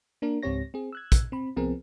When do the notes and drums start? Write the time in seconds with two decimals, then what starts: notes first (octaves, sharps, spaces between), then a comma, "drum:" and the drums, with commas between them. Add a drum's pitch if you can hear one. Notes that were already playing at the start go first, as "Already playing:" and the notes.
0.22 A#3 D4 A#4
0.43 C#2 G#2 C4 G4 C#5 A#6
0.74 C4 G#4
0.92 E6 F#6 G#6
1.12 drum: kick, hi-hat
1.32 C4 B5
1.56 C2 F3 B3 C4 G#4 A#4